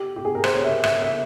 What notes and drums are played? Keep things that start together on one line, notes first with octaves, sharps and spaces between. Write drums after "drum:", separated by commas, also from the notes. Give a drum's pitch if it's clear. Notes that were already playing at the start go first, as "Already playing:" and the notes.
Already playing: G4
G4
G#4
A#4
C5, drum: rim click
C#5
E5
E5, drum: rim click
E5